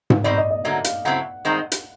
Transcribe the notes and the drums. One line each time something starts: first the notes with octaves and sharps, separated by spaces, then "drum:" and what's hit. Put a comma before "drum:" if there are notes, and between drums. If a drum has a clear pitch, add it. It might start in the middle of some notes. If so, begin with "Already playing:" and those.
drum: tom G#2
B2 G3 C4 D#4 D5
D#5
D#5
D3 F#3 A#3 E5
F5, drum: hi-hat
C#3 F#3 A3 C4 E4 F#5
G2 D#3 G#3 C4 D#4
drum: hi-hat